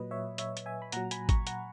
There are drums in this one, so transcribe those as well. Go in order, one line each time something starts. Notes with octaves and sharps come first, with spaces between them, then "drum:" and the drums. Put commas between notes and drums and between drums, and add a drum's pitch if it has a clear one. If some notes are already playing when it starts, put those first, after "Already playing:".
Already playing: A#2 F#3 B4 D#5
C#5 E5
C#5 E5, drum: hi-hat
drum: hi-hat
E5 G#5
B5
A#2 F#3 F#5 A#5, drum: hi-hat
G#5 B5, drum: hi-hat
A#5 C#6, drum: kick G#1, hi-hat
F#5 A#5, drum: hi-hat